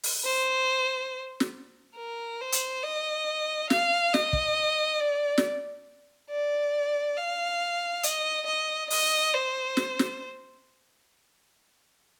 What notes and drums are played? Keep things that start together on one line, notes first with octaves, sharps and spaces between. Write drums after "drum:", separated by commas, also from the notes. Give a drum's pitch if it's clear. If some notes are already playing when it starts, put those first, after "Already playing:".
drum: open hi-hat
C5
drum: snare
A#4
C5
drum: hi-hat
D#5
F5, drum: snare
D#5, drum: snare
drum: kick
D5
drum: snare
D5
F5
D#5, drum: hi-hat
D#5
D#5, drum: open hi-hat
C5
drum: snare
drum: snare